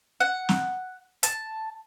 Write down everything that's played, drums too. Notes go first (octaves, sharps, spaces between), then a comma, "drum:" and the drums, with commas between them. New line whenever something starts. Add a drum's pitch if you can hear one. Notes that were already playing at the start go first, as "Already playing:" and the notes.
F#5
drum: snare
A5, drum: hi-hat